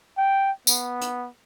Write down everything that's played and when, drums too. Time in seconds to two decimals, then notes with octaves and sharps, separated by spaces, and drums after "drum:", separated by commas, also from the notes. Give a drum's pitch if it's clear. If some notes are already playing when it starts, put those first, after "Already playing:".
0.18 G5
0.67 B3, drum: tambourine
1.01 drum: hi-hat